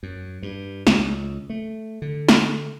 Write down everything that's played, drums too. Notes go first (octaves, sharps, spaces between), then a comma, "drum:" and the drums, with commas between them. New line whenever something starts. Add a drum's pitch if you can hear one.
F#2
G2
C#2, drum: snare
A3
D3
drum: snare